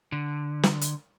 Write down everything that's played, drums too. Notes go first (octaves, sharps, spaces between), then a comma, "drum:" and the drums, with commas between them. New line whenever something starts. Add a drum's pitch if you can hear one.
D3
drum: snare
drum: hi-hat